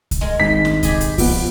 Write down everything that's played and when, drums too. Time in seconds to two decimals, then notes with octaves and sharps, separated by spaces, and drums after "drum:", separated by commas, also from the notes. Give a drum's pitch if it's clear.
0.11 drum: kick C2, hi-hat
0.21 G#3 A#4
0.40 G#1 B6
0.65 drum: snare
0.83 G4 G#4 D#5, drum: kick C2, hi-hat
1.01 drum: hi-hat
1.18 F3 B3, drum: kick C2, open hi-hat